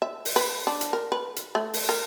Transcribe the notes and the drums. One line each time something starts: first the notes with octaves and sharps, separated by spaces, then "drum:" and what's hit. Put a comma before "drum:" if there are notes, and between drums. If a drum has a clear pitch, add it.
E5
drum: open hi-hat
B4
D4
drum: hi-hat
A#4
B4
drum: hi-hat
A3
drum: open hi-hat
A#4